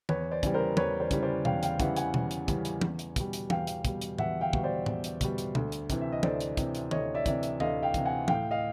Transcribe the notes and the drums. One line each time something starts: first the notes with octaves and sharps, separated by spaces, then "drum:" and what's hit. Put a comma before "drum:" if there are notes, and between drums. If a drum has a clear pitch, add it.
E2 B4 C#5, drum: tom
C5 D5
C#3 E3 G3, drum: kick, hi-hat
A#4 C5
E2 B4 C#5, drum: tom
C5 D5
C#3 E3 G3, drum: kick, hi-hat
C5 D5
E2 F5 G5, drum: tom B2
F5 G5, drum: hi-hat
C#3 E3 G3 E5 F#5, drum: kick, hi-hat
F#5 G#5, drum: hi-hat
E2, drum: tom B2
drum: hi-hat
C#3 E3 G3, drum: kick, hi-hat
drum: hi-hat
E2, drum: tom
drum: hi-hat
B2 G3, drum: kick, hi-hat
drum: hi-hat
E2 F5 G5, drum: tom
drum: hi-hat
B2 G3, drum: kick, hi-hat
drum: hi-hat
E2 E5 F#5, drum: tom A2
F5 G5
B2 G3, drum: kick
C5 D5
E2, drum: tom A2
drum: hi-hat
B2 G3, drum: kick, hi-hat
drum: hi-hat
D2, drum: tom B2
drum: hi-hat
C3 E3, drum: kick, hi-hat
E5
D#5
D2 C5 D5, drum: tom
drum: hi-hat
C3 E3, drum: kick, hi-hat
drum: hi-hat
D2 C#5 D#5, drum: tom
D5 E5
C3 E3, drum: kick, hi-hat
drum: hi-hat
D2 D#5 F5, drum: tom
F5 G5
C3 E3, drum: kick, hi-hat
F#5 G#5
A2 F5 G5, drum: tom
D#5 F5